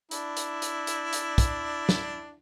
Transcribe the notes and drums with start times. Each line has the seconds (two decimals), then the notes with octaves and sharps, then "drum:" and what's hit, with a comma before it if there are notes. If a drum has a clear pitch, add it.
0.11 D4 E4, drum: hi-hat
0.37 drum: hi-hat
0.62 drum: hi-hat
0.87 drum: hi-hat
1.13 drum: hi-hat
1.38 drum: kick, hi-hat
1.89 drum: snare